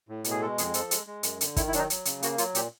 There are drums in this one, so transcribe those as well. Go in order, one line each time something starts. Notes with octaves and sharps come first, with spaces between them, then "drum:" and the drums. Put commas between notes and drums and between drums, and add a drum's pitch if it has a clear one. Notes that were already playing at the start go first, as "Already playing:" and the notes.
A2
B2, drum: hi-hat
G#4
G#3 A4
F2 G#4, drum: hi-hat
F3 A4, drum: hi-hat
G#3, drum: hi-hat
G#3
F#2, drum: hi-hat
D3, drum: hi-hat
D#3 E4, drum: kick, hi-hat
E4
F#3 D4, drum: hi-hat
D#4
F#3, drum: hi-hat
C#3, drum: hi-hat
A#3 F#4, drum: hi-hat
F#3 F4, drum: hi-hat
A#2 G4, drum: hi-hat